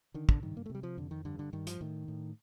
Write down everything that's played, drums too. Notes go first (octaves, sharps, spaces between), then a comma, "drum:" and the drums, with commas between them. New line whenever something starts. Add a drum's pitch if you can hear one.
D3 D#3
D3, drum: kick
G2 D#3
A#3
A3
C3 G3
F3
F2 D3
D#3
G2 D3
D3
G2 D#3
F3, drum: hi-hat
A2 D#3
A2